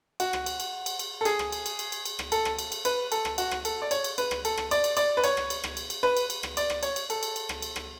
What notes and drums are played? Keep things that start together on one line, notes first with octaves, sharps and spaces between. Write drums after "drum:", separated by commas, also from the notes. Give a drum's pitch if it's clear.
F#4, drum: cymbal
drum: rim click
drum: cymbal
drum: cymbal
drum: cymbal
drum: cymbal
A4
G#4, drum: cymbal
drum: rim click
drum: cymbal
drum: cymbal
drum: cymbal
drum: cymbal
drum: cymbal
drum: rim click
A4, drum: cymbal
drum: rim click
drum: cymbal
drum: cymbal
B4, drum: cymbal
A4, drum: cymbal
drum: rim click
F#4, drum: cymbal
drum: rim click
A4, drum: cymbal
D5
C#5, drum: cymbal
drum: cymbal
B4, drum: cymbal
drum: rim click
A4, drum: cymbal
drum: rim click
D5, drum: cymbal
drum: cymbal
D5, drum: cymbal
B4
C#5, drum: cymbal
drum: rim click
drum: cymbal
drum: rim click
drum: cymbal
drum: cymbal
B4
drum: cymbal
drum: cymbal
drum: rim click
D5, drum: cymbal
drum: rim click
C#5, drum: cymbal
drum: cymbal
A4, drum: cymbal
drum: cymbal
drum: cymbal
drum: rim click
drum: cymbal
drum: rim click